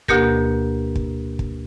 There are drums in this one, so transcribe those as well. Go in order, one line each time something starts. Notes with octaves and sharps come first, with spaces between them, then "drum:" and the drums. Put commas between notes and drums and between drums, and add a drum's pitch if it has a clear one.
D2 B2 A#3 G4 A#4, drum: kick
drum: kick
drum: kick